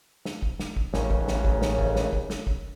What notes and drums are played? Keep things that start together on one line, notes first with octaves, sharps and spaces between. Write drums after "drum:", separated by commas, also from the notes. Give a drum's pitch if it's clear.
drum: snare
drum: kick
drum: snare
drum: kick
A1 D#2 C#3, drum: snare
drum: kick
drum: snare
drum: kick
drum: snare
drum: kick
drum: snare
drum: kick
drum: snare
drum: kick